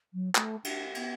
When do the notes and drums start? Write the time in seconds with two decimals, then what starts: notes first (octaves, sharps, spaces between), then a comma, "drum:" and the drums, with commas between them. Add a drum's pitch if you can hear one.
0.13 F#3
0.35 A3, drum: clap
0.64 D4, drum: cymbal
0.95 B3, drum: cymbal